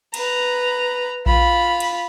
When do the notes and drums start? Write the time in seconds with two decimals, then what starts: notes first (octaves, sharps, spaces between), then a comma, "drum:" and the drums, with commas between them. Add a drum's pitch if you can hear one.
0.14 B4 A#5, drum: cymbal
1.26 F4 B5, drum: kick A#1
1.80 drum: cymbal